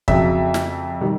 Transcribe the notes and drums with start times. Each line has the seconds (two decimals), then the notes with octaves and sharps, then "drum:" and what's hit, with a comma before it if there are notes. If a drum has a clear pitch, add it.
0.08 F2 C#3 F#3 E5, drum: kick
0.54 drum: snare
1.01 D#3 G3